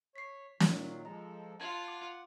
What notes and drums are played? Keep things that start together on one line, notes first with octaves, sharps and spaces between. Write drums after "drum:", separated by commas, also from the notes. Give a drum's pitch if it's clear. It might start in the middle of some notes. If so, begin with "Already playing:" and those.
C#5 B6 C7
A#2 D#3 F#3, drum: snare
F3 G#3 A4 D#5 A#5
F4 F#5 A5 G#6
D6